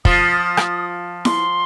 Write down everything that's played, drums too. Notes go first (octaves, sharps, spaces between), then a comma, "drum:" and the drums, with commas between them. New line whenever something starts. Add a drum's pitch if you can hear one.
F3 F4 D#6, drum: kick
drum: rim click
C6, drum: snare E4